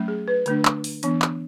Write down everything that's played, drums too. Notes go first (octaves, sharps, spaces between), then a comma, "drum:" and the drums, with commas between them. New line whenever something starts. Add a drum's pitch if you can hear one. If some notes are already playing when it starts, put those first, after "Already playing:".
Already playing: F#3 A3 C#4
G#4
B4
D3 A3 D4, drum: hi-hat
drum: clap
drum: open hi-hat
E3 B3 D4, drum: hi-hat
drum: clap